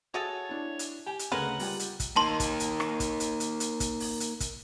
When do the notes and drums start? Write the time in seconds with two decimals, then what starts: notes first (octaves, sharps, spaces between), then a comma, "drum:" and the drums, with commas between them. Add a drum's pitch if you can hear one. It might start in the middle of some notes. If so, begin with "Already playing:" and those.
0.14 F#4 G#4 A4 C#5 E5
0.49 D4 E4
0.79 drum: hi-hat
1.06 G4 G5 G#5
1.19 drum: hi-hat
1.32 D2 C#3 G#3 A#4 B4 F#5
1.59 G3 F4 G5, drum: open hi-hat
1.80 drum: hi-hat
2.00 drum: kick, hi-hat
2.16 A#3 D#4 A5 C6
2.40 drum: kick, hi-hat
2.60 drum: hi-hat
2.80 drum: rim click
3.00 drum: kick, hi-hat
3.20 drum: hi-hat
3.40 drum: hi-hat
3.60 drum: hi-hat
3.80 drum: kick, hi-hat
4.00 drum: open hi-hat
4.20 drum: hi-hat
4.40 drum: kick, hi-hat